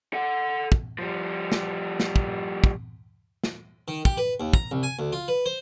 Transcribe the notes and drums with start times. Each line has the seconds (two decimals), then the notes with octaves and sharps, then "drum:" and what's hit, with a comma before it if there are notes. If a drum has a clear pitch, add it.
0.14 A4 F#5
0.72 drum: kick
0.99 F3 G3
1.52 drum: snare
2.00 drum: snare
2.16 drum: kick
2.64 drum: kick
3.44 drum: snare
3.88 D#3
4.05 G4, drum: kick
4.17 B4
4.40 D#2
4.53 A#5, drum: kick
4.71 C2
4.83 G#5
4.99 D2
5.13 F4
5.28 B4
5.46 C5